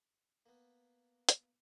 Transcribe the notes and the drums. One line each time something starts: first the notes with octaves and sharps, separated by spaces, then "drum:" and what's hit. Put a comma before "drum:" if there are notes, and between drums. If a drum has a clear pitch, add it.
A#3 B3
drum: hi-hat